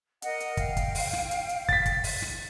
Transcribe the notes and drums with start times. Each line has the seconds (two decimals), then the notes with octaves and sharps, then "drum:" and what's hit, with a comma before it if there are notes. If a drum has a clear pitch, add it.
0.22 A#4 D#5 F#5, drum: hi-hat
0.40 drum: hi-hat
0.57 F5 G5, drum: kick, hi-hat
0.77 drum: kick, hi-hat
0.95 drum: open hi-hat
1.13 drum: snare
1.31 drum: hi-hat
1.49 drum: hi-hat
1.69 A6 B6, drum: kick
1.86 drum: kick, hi-hat
2.04 drum: open hi-hat
2.22 drum: snare